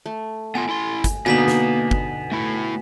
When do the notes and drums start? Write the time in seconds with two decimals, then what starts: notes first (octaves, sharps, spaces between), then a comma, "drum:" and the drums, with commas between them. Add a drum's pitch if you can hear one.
0.06 A3
0.55 B3 F4 G#5
0.69 E4 C6
1.04 drum: kick, hi-hat
1.26 B2 D3 A#3 D#4 G#5 B6 F#7
1.48 drum: snare
1.91 drum: kick
2.32 A3 E4